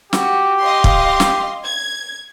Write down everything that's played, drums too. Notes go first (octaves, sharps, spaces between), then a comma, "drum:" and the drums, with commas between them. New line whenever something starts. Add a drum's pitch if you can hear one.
F#4 G4, drum: snare
D#5 F5 C6
drum: kick
drum: snare
G#6